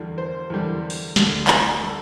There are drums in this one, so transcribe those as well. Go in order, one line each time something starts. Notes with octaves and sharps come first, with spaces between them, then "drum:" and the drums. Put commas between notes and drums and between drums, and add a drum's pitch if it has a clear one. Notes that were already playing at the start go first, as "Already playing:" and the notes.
Already playing: E2 D3 G3
C5
E2 D3 G3
drum: open hi-hat
D2 D3 G3, drum: snare
drum: clap
D3 G3 A4